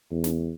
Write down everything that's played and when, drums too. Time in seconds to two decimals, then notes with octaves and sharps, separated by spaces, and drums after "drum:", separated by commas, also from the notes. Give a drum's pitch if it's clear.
0.11 E2
0.24 drum: snare